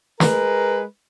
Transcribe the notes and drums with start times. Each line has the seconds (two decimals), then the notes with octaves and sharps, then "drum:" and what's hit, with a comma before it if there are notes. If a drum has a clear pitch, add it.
0.20 G#3 A#4 B4, drum: snare